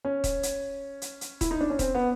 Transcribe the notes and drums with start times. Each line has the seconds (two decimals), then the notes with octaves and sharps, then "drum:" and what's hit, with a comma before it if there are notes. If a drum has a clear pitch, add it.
0.05 C#4
0.24 drum: kick D#1, hi-hat
0.43 drum: hi-hat
1.02 drum: hi-hat
1.21 drum: hi-hat
1.41 E4, drum: kick D#1, hi-hat
1.51 D#4
1.61 D4
1.70 C#4
1.79 C4, drum: kick D#1, hi-hat
1.95 B3